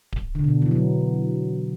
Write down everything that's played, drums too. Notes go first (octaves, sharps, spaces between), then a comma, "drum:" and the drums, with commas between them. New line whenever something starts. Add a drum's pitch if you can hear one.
drum: kick D1
D3
B2
E3
F#3